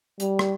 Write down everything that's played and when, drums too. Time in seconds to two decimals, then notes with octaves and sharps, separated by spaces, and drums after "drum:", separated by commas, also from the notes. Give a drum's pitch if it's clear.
0.20 G3, drum: hi-hat
0.39 drum: rim click